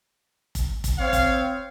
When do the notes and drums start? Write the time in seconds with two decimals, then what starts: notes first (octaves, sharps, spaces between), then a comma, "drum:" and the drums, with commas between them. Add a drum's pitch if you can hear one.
0.55 drum: kick F1, hi-hat
0.84 drum: kick F1, hi-hat
0.98 C4 C#5 F5
1.13 drum: kick F1, hi-hat